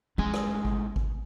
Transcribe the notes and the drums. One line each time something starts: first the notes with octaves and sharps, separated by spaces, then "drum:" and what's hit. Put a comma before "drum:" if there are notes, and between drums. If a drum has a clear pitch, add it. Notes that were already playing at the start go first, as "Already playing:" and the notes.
A2 G#3 C#4 G#5
drum: rim click
drum: kick G#1
drum: kick G#1